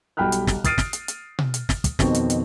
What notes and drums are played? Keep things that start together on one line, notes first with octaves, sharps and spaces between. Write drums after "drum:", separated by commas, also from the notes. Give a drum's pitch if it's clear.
B1 G3 G5 B5 F6 F#6
drum: hi-hat
drum: snare
D#6 F6 A6 C7 D7 D#7, drum: kick, hi-hat
drum: snare
drum: hi-hat
drum: hi-hat
drum: tom B2
drum: hi-hat
drum: snare
drum: kick, hi-hat
F2 B2 D#3 C4 C#6, drum: snare
drum: hi-hat
drum: hi-hat